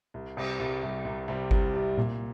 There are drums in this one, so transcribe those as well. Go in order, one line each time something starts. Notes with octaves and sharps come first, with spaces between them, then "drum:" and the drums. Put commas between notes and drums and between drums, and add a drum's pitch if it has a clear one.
C2
C3 G3, drum: cymbal
C2
C3 G3
C2
C3 G3
C2, drum: kick G1
C3 G3
A#2, drum: tom A#2